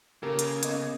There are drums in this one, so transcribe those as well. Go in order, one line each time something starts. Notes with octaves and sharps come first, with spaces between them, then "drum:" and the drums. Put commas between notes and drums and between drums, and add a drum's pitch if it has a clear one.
C#3 A#3 G4 A4 A#4
drum: hi-hat
B3 D#5 D6 G#6, drum: hi-hat